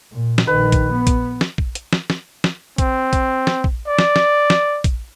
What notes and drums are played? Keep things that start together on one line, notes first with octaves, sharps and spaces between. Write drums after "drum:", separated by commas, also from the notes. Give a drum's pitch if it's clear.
A#2
drum: snare
A#1 D#3 B4
drum: kick, hi-hat
B3
drum: kick, hi-hat
drum: snare
drum: kick
drum: hi-hat
drum: snare
drum: snare
drum: snare
C4, drum: kick, hi-hat
drum: kick, hi-hat
drum: snare
drum: kick
D5
drum: snare
drum: snare
drum: snare
drum: kick, hi-hat